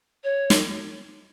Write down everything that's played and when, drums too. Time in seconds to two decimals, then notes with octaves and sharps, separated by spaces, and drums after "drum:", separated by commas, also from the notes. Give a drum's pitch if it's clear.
0.24 C#5
0.50 drum: snare